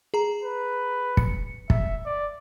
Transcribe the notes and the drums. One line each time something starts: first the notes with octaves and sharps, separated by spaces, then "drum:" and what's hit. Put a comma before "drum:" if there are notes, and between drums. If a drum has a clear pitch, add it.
G#4 A#5
B4
C#7, drum: kick
E5, drum: kick
D5